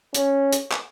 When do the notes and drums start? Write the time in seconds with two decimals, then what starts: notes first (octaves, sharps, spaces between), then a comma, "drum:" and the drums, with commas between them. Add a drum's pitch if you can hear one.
0.15 C#4, drum: hi-hat
0.53 drum: hi-hat
0.72 drum: clap